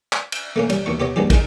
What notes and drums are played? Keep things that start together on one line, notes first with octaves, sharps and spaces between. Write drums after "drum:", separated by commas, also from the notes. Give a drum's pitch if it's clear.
drum: clap
drum: cymbal
A3 A#3 C#4
G3 C#4, drum: cymbal
D#2 B2 C#6
B3 G4 C#5 D#5
A#1 G2 F#3 G3 G4 G#4
D#3 G#3 D#4, drum: kick, cymbal